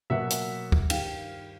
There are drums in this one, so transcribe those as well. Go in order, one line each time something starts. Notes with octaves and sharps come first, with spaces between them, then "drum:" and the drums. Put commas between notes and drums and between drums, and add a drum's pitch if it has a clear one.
B2 F#3 A#3 E5 F#5
drum: hi-hat
drum: kick
G2 D#3 G3 F5 G5, drum: cymbal